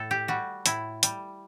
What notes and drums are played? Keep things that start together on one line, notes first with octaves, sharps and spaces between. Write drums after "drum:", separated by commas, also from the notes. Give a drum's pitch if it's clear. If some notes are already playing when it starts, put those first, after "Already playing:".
Already playing: A2 A4
G4
G3 F#4
A2 E4, drum: hi-hat
G3, drum: hi-hat